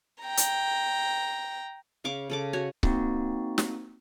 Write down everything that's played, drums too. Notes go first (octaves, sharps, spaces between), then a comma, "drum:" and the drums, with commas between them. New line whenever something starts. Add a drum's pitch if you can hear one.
G5 A#5
drum: hi-hat
C#3 F5 C#6 D6
C#3 A4 D6
F#4 C#5 G#5
A#3 C4 D#4 F#4, drum: kick C#1
drum: snare